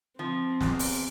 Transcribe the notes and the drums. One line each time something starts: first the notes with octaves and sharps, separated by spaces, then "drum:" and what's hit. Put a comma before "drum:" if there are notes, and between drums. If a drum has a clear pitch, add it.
F3 C4
E2, drum: snare
drum: open hi-hat